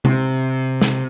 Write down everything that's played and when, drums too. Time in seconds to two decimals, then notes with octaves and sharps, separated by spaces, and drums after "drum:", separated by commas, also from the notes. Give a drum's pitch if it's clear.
0.05 C3, drum: tom C3
0.81 drum: snare